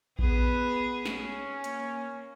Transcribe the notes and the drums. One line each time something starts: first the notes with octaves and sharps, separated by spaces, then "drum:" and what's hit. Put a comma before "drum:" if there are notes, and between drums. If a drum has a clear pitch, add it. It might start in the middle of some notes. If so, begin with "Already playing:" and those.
B3 G#4 B4, drum: kick A#1
C#4, drum: snare
A#3, drum: hi-hat